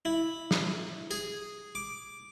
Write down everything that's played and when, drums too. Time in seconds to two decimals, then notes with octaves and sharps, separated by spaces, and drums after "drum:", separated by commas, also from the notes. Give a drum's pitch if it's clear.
0.05 E4
0.51 drum: snare
1.11 G#4, drum: tambourine
1.75 D6